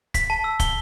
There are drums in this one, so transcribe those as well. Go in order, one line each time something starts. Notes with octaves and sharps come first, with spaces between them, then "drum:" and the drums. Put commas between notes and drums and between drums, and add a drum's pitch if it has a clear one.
B6, drum: kick, hi-hat
A5
E6
G7, drum: kick, hi-hat